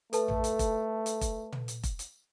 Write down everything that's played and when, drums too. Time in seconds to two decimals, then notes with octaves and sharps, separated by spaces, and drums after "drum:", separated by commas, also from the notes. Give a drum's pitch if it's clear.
0.13 A3 A4 B4 A5, drum: hi-hat
0.28 drum: tom A1
0.44 drum: hi-hat
0.59 drum: kick F1, hi-hat
1.06 drum: hi-hat
1.21 drum: kick F1, hi-hat
1.52 drum: tom
1.68 drum: hi-hat
1.83 drum: kick F1, hi-hat
1.99 drum: hi-hat